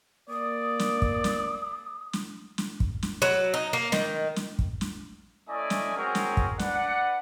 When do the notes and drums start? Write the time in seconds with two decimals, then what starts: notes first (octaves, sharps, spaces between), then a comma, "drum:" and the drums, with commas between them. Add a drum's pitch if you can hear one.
0.30 A#3 D5 D#6
0.79 drum: snare
1.02 drum: kick
1.24 drum: snare
2.13 drum: snare
2.58 drum: snare
2.80 drum: kick
3.03 drum: snare
3.22 F#3
3.54 D#4
3.73 A#3
3.92 D#3, drum: snare
4.36 drum: snare
4.59 drum: kick
4.81 drum: snare
5.48 A3 C#4 E4 D5 D#5 G#5
5.70 drum: snare
5.96 C4 C#4 F#4 G#4 A#4
6.15 drum: snare
6.37 drum: kick
6.59 D4 B4 D5 F#5, drum: snare